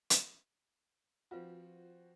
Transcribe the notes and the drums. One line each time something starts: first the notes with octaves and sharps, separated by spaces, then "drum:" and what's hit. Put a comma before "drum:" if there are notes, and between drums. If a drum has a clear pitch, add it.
drum: hi-hat
F3 C4 F4 F#4 B4 F5